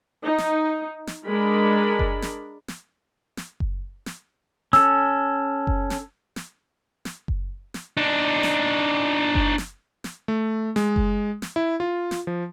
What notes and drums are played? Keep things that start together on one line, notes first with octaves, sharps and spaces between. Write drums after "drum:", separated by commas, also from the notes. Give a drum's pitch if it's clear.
D#4
drum: snare
drum: snare
G#3 D4 A#4 B5
drum: kick F#1
drum: snare
drum: snare
drum: snare
drum: kick F#1
drum: snare
C#4 A4 E6, drum: snare
drum: kick F#1
drum: snare
drum: snare
drum: snare
drum: kick F#1
drum: snare
D4 D#4
drum: snare
drum: kick F#1
drum: snare
drum: snare
A3
G#3, drum: snare
drum: kick F#1
drum: snare
E4
F4
drum: snare
F3